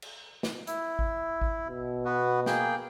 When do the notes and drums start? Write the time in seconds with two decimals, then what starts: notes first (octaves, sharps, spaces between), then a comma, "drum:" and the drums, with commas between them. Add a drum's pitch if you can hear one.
0.02 drum: cymbal
0.43 drum: snare
0.67 E4, drum: hi-hat
0.99 drum: kick A1
1.41 drum: kick A1
1.68 B2
2.05 B3 F#4 B4
2.46 A#3 G#4 G5, drum: snare